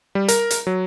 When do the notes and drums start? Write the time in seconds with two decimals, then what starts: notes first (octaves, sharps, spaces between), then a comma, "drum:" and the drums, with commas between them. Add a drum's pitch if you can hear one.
0.15 G3
0.28 A#4, drum: hi-hat
0.50 drum: hi-hat
0.67 F#3